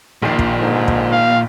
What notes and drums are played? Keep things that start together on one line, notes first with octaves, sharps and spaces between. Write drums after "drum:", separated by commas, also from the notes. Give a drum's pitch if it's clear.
A#1 A#2 D#3 C7
drum: kick
G#2 D3
drum: kick
F5